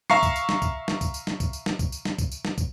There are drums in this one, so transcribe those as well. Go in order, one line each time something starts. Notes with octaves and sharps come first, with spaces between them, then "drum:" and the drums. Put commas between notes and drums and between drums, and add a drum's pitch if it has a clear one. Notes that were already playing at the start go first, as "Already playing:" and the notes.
E5 F5 A#5 C#6 C7, drum: snare
drum: kick, tambourine
drum: tambourine
drum: snare
drum: kick, tambourine
drum: snare
drum: kick, tambourine
drum: tambourine
drum: snare
drum: kick, tambourine
drum: tambourine
drum: snare
drum: kick, tambourine
drum: tambourine
drum: snare
drum: kick, tambourine
drum: tambourine
drum: snare
drum: kick, tambourine